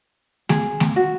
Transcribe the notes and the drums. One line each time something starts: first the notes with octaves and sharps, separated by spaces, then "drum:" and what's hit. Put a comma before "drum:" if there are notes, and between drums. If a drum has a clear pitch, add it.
G#4, drum: snare A3
drum: snare A3
F#4